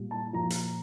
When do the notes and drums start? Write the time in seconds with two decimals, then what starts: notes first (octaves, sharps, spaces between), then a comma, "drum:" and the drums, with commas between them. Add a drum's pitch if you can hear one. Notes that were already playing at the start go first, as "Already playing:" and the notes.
Already playing: A#2 G3
0.11 A5
0.33 A#2 F3 A#5
0.50 drum: hi-hat